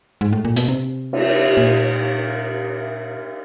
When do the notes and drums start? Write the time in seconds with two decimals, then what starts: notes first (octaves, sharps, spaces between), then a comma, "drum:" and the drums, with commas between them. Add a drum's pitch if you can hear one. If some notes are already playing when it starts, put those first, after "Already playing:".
0.21 G#2
0.33 A2
0.45 A#2
0.56 B2, drum: hi-hat
0.68 C3
1.13 drum: cymbal
1.57 A#2